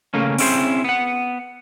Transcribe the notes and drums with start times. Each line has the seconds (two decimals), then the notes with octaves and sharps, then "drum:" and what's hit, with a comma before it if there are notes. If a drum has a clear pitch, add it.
0.14 C#3 A3 A#3 C#4
0.38 C4 C#4 E4 G#4 A4 C5, drum: open hi-hat
0.85 B3 F#5